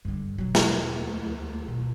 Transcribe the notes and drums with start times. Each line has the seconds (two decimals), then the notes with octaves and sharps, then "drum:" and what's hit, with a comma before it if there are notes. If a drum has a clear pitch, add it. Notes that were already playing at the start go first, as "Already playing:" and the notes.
0.05 G2 D3
0.38 B2 F#3
0.55 drum: snare
0.99 D2
1.68 B2